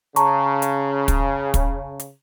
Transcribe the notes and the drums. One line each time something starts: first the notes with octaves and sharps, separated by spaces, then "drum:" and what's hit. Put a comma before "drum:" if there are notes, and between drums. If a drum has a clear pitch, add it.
C#3 A5 A#5 C#6, drum: hi-hat
drum: hi-hat
drum: kick, hi-hat
drum: kick, hi-hat
drum: hi-hat